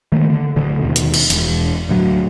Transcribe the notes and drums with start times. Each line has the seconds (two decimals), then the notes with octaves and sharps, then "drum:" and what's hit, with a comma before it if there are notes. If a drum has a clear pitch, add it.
0.12 D#3 A3 A#3
0.30 D3
0.56 D1 D2 D3
0.81 D#2 B2
0.96 drum: hi-hat
1.14 drum: cymbal
1.30 E1, drum: hi-hat
1.89 D2 A2 F#3